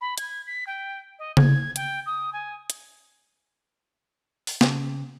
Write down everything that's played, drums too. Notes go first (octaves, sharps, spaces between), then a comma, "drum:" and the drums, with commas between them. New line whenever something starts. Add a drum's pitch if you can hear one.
B5
G#6, drum: hi-hat
B6
G5
D#5
G#6, drum: tom C#3
G5, drum: hi-hat
D#6
G#5
drum: hi-hat
drum: open hi-hat
C#3, drum: snare